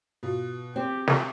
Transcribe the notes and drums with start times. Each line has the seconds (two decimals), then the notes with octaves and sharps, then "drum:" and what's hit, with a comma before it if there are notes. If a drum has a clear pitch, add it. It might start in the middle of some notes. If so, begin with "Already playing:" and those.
0.23 B2 F4
0.76 C4 G4 C5
1.07 drum: snare